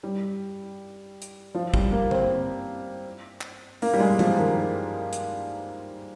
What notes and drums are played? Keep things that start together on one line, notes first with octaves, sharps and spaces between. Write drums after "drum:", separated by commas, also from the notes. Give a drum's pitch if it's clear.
G3
drum: hi-hat
F3
G3, drum: kick
A#3
C4, drum: tom D3
drum: clap
A#3, drum: open hi-hat
G3
G#3
F3, drum: tom
D#3
drum: hi-hat